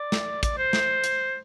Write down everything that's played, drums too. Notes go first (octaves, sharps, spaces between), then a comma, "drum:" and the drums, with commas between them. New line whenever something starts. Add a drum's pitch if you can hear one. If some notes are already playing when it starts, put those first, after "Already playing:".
Already playing: D5
drum: snare
D5, drum: kick, hi-hat
C5
drum: snare
drum: hi-hat